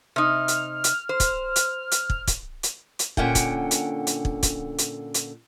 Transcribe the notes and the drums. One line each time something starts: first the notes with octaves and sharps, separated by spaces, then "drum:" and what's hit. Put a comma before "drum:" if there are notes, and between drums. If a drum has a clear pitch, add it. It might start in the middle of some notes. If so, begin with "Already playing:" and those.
C3 D#4 F6
drum: hi-hat
drum: hi-hat
C5
drum: kick, hi-hat
drum: hi-hat
drum: hi-hat
drum: kick
drum: kick, hi-hat
drum: hi-hat
drum: hi-hat
A#2 D3 C#4 F#5 G5, drum: kick
drum: kick, hi-hat
drum: hi-hat
drum: hi-hat
drum: kick
drum: kick, hi-hat
drum: hi-hat
drum: hi-hat